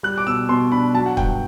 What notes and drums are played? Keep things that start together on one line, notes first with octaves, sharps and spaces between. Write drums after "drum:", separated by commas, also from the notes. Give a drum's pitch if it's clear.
G3 F#6
D6
B2 E6
B2 C6
D4 B5
F#3 A5
F#5
G2 G5, drum: kick